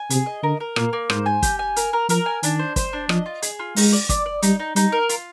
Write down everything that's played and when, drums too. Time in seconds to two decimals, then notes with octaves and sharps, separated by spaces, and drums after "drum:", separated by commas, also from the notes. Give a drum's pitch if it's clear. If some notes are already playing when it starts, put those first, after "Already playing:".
Already playing: G#5
0.10 C3 G#4, drum: hi-hat
0.26 D#5
0.43 D3 A#4
0.60 A#4
0.76 A#2 A#3, drum: rim click
0.93 A#3
1.10 G#2 C5, drum: rim click
1.26 G#5
1.42 G4, drum: kick, hi-hat
1.59 G#5
1.76 A#4, drum: hi-hat
1.93 A#4
2.09 F3 A#4, drum: hi-hat
2.26 G#5
2.43 D#3 D4, drum: hi-hat
2.59 C5
2.76 C5, drum: kick, hi-hat
2.93 D4
3.09 F3 D#5, drum: rim click
3.26 F4
3.42 G#4, drum: hi-hat
3.59 F4
3.76 G#3 D#4, drum: open hi-hat
3.92 D5
4.09 D5, drum: kick, hi-hat
4.26 D5
4.42 G3 D#4, drum: hi-hat
4.59 D#4
4.76 G3 D#4, drum: hi-hat
4.92 A#4
5.09 F4, drum: hi-hat